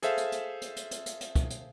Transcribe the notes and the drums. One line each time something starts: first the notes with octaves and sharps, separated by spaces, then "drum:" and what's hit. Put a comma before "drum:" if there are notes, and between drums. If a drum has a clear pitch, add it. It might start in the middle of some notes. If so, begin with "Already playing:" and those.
G#4 A4 C5 E5 F5, drum: hi-hat
drum: hi-hat
drum: hi-hat
drum: hi-hat
drum: hi-hat
drum: hi-hat
drum: hi-hat
drum: hi-hat
drum: kick, hi-hat
drum: hi-hat